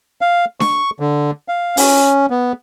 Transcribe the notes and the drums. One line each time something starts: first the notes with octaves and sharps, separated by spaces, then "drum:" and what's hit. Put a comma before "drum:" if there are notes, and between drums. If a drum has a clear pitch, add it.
F5
C#6, drum: snare D4
D3
F5
C#4, drum: open hi-hat
B3